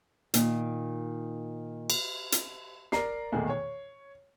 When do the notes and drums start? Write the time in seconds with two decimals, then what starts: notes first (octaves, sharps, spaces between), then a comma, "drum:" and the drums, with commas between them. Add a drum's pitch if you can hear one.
0.34 A#2 D#3, drum: hi-hat
1.90 drum: cymbal
2.32 drum: hi-hat
2.92 A#4 D5 A#5 C7, drum: snare
3.32 B1 E2 A#2 D#3 A3
3.50 C#5